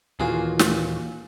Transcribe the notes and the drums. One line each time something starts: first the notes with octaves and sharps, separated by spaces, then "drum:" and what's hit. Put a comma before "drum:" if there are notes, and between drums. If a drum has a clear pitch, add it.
D#2 A#2 E3 A#3 F4 F#4 G#4 G#5
drum: snare